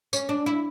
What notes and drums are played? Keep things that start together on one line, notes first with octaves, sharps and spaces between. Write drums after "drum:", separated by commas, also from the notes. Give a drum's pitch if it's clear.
C#4, drum: tambourine
D4
E4